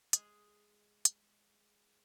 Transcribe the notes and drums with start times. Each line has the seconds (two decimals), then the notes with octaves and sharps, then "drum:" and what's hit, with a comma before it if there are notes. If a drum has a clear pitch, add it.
0.13 G#3 G#4, drum: hi-hat
1.05 drum: hi-hat